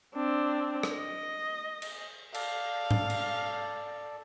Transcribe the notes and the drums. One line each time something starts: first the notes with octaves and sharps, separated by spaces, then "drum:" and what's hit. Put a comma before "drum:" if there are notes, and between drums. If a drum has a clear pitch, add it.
C4 D4
drum: rim click
D#5
drum: cymbal
A4 D5 F5, drum: cymbal
drum: tom G#2
drum: cymbal